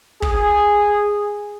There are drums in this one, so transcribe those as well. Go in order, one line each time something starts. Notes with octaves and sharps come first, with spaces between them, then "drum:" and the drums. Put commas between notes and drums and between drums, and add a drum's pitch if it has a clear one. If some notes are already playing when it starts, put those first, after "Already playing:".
G#4, drum: kick